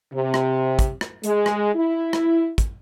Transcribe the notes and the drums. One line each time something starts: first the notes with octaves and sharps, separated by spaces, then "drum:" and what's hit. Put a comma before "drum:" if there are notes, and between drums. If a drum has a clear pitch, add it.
C3
drum: rim click
drum: kick, hi-hat
drum: rim click
G#3, drum: hi-hat
drum: rim click
E4
drum: rim click
drum: kick, hi-hat